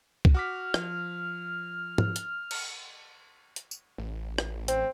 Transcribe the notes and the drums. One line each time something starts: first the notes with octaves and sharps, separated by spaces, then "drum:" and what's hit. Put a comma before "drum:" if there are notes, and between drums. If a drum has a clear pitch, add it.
drum: kick
F#4 D6 F6 B6
F3, drum: rim click
drum: tom G#2
drum: hi-hat
drum: cymbal
drum: hi-hat
drum: tambourine
A1
drum: rim click
C4, drum: hi-hat